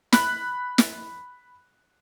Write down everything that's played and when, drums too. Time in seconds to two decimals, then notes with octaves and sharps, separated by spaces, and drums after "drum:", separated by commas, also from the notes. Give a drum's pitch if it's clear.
0.13 B5 F#6, drum: snare
0.78 drum: snare